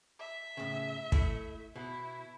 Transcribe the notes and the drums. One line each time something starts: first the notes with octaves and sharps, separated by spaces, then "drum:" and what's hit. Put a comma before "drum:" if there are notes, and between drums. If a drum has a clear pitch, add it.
E5
A2 C#3
A3 E4, drum: kick
B2 E4